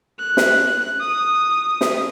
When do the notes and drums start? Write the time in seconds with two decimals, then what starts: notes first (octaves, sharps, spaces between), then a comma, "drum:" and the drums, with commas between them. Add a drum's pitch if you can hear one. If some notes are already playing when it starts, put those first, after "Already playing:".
0.19 F#6
0.37 drum: snare
1.00 D#6
1.81 drum: snare